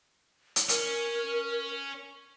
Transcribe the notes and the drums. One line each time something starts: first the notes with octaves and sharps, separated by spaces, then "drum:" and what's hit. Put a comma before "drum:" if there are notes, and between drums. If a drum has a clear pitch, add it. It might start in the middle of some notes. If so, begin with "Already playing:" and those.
drum: hi-hat
C#4 A#4, drum: hi-hat